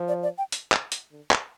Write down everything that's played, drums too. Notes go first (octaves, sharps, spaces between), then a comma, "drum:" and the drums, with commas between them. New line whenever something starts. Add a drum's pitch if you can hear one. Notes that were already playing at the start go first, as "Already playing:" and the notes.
Already playing: F3
D5
D5
G5
drum: hi-hat
drum: clap
drum: hi-hat
D3
drum: clap